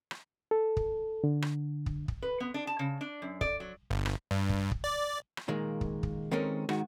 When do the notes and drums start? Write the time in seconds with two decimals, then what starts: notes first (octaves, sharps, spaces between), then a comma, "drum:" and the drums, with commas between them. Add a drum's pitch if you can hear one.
0.11 drum: rim click
0.51 A4
0.77 drum: kick
1.24 D3
1.42 drum: rim click
1.86 drum: kick
2.08 drum: kick
2.22 B4
2.40 B3
2.54 D4
2.67 A5
2.79 C#3
3.01 D4
3.22 F#2
3.41 D5, drum: kick
3.60 F#3
3.90 G1
4.06 drum: rim click
4.31 G2
4.49 drum: kick
4.71 drum: kick
4.84 D5
5.37 drum: rim click
5.48 A#2 D#3 G#3 A#3
5.81 drum: kick
6.03 drum: kick
6.31 D#3 G#3 C4 C#4 A4 A#4
6.69 G#2 D#3 G#3 F#4, drum: rim click